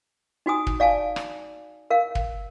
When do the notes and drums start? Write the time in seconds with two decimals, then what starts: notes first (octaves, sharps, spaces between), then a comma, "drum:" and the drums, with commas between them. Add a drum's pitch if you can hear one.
0.46 D#4 F#4 G#5 D#6
0.67 drum: kick
0.80 D5 F5 G#5 A5
1.16 drum: rim click
1.90 A#4 F5
2.15 drum: kick